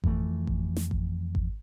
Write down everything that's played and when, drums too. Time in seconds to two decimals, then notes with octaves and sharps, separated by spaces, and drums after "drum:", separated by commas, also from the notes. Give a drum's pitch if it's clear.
0.04 F2 E3 A3, drum: kick G#1
0.47 drum: kick G#1
0.77 drum: snare
0.91 drum: kick G#1
1.35 drum: kick G#1